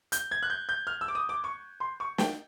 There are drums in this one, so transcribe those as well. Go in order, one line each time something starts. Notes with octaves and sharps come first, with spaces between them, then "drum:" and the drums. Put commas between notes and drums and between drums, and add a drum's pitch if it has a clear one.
G6, drum: hi-hat
G#6
F#6
G6
G6
F6
E6
D6
D#6
D6
C#6
C6
C#6
G5, drum: snare